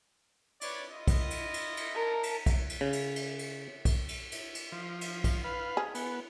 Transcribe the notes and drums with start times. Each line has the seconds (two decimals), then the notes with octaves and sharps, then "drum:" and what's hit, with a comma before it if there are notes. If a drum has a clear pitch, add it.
0.61 B4 C#5 D5, drum: cymbal
0.91 E4 F4 D#5
1.08 drum: kick, cymbal
1.31 drum: cymbal
1.54 drum: cymbal
1.77 drum: cymbal
1.95 A#4 A5
2.23 drum: cymbal
2.46 drum: kick, cymbal
2.70 drum: cymbal
2.81 C#3
2.93 drum: cymbal
3.16 drum: cymbal
3.39 drum: cymbal
3.85 drum: kick, cymbal
4.09 drum: cymbal
4.32 drum: cymbal
4.55 drum: cymbal
4.72 F3
5.01 drum: cymbal
5.24 drum: kick, cymbal
5.44 B4 F5
5.77 G#4
5.95 B3, drum: cymbal